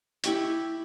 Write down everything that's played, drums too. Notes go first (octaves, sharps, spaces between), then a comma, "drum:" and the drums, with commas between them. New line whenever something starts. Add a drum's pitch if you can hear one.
E4 G4 C#6, drum: hi-hat